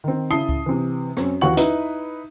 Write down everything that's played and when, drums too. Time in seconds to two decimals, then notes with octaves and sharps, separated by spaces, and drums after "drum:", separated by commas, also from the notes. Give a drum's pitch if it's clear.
0.04 D#3 C4
0.30 C#3 E4 A5 D#6 C7 G7
0.49 drum: kick C#2
0.66 C3 E3
1.17 F#2 C4 C#4, drum: rim click
1.41 D#2 E3 F#4 F#5 C#6 F#7
1.57 D#4 E4 B4, drum: hi-hat